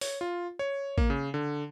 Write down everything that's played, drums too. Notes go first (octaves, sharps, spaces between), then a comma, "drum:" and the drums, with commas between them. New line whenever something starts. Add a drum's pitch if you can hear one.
C#5, drum: open hi-hat
F4
C#5
A#3, drum: kick A1
C#3
D3